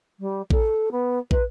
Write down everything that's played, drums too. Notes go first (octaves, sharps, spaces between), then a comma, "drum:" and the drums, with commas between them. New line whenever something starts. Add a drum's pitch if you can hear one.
G3
A4, drum: kick
B3
B4, drum: kick